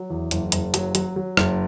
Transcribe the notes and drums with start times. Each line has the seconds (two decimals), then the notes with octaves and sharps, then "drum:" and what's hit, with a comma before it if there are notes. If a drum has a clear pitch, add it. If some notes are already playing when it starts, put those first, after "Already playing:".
Already playing: F#3
0.10 E2
0.31 F#1, drum: hi-hat
0.52 F#1, drum: hi-hat
0.74 F#3, drum: hi-hat
0.95 F#3, drum: hi-hat
1.16 F#3
1.37 F#1, drum: rim click